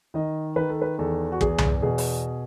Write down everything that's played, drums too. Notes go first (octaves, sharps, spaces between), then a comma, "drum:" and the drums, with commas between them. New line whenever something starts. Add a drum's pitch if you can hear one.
D#3 D#5
D#3 B4
A4
B4
E2 A4
F#4
E2 G#4, drum: kick
drum: tom C2
B2 G#4
drum: open hi-hat